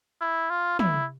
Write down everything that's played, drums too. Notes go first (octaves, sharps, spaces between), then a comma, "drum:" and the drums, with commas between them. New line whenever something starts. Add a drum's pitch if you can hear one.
E4
F4
E4, drum: tom